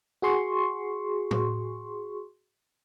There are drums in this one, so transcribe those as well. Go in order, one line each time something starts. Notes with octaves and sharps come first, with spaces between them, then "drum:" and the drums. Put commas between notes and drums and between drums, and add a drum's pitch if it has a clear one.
F#4 G#4 C6 C#6
drum: tom